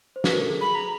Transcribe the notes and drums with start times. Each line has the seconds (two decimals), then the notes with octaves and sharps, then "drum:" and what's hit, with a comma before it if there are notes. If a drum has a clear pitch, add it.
0.16 C5
0.24 B4, drum: snare
0.32 A#4
0.40 A4
0.48 G#4
0.61 B5
0.75 A#5